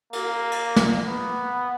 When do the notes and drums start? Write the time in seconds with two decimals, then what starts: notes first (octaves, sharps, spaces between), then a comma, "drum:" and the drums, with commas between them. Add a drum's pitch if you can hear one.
0.13 A#3, drum: cymbal
0.52 drum: cymbal
0.76 drum: snare
1.06 B3